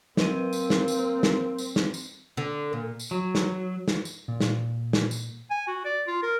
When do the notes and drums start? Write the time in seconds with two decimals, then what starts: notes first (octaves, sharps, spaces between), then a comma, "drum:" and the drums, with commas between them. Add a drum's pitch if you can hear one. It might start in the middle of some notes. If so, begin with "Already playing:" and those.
0.17 F#3 A#3 C4 B4 D#7, drum: snare
0.53 drum: tambourine
0.70 drum: snare
0.88 drum: tambourine
1.23 drum: snare
1.58 drum: tambourine
1.76 drum: snare
1.94 drum: tambourine
2.37 D3
2.73 A#2
2.99 drum: tambourine
3.11 F#3
3.35 drum: snare
3.88 drum: snare
4.05 drum: tambourine
4.28 A#2
4.40 drum: snare
4.93 drum: snare
5.11 drum: tambourine
5.51 G#5
5.67 F#4
5.85 D5
6.07 F4
6.22 A#4